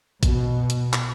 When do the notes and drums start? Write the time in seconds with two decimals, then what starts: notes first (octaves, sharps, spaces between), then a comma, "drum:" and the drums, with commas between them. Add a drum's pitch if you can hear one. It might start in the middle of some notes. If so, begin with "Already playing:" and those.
0.23 B2, drum: kick A1, hi-hat
0.70 drum: hi-hat
0.93 drum: clap